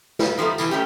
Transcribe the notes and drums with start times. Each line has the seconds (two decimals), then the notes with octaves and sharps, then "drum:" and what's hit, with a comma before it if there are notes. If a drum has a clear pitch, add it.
0.19 G3, drum: snare
0.38 D#3 F3 G3 A3 B3
0.58 B2 E3 G3, drum: tambourine
0.71 G#2 A3 C#4 G4